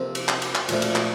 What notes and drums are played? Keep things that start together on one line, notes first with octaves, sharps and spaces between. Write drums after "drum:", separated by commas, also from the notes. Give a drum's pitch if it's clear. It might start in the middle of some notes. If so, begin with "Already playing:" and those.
Already playing: F2 C3 F3 A#3
drum: cymbal
drum: clap
drum: cymbal
drum: clap
A#2 F3 A3, drum: cymbal
drum: cymbal
drum: clap